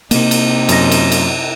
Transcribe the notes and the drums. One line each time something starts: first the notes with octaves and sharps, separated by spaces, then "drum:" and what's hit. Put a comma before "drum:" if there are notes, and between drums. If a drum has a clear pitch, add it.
C3 A#3 D#4, drum: cymbal
drum: cymbal
F#2 A#6, drum: cymbal
drum: cymbal
drum: cymbal